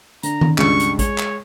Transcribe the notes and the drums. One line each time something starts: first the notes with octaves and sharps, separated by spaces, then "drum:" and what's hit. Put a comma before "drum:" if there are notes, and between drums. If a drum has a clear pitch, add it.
D3 A#5, drum: hi-hat
drum: tom D#3
C#2 G2 C#6, drum: clap
drum: hi-hat
G#3 C#5, drum: kick A1, hi-hat
drum: clap